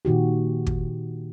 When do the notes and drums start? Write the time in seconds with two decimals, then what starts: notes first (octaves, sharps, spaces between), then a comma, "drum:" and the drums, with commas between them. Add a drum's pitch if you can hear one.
0.05 A#2 D#3 F#4 G4
0.67 drum: kick